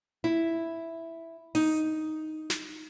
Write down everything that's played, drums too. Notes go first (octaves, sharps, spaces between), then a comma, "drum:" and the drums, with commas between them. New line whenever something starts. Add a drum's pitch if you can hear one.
E4
D#4, drum: open hi-hat
drum: snare